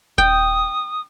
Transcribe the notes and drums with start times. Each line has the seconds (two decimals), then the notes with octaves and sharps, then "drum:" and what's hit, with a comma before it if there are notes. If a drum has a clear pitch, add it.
0.18 G5 D#6, drum: kick D#1